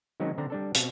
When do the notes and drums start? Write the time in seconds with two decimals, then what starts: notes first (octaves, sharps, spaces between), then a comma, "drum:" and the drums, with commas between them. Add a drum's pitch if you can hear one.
0.20 D#3 F#3 G#3 C4 C#4 D#4
0.38 D3 C4 D4 A#5
0.50 G3 D4 A4
0.75 B2 C4, drum: hi-hat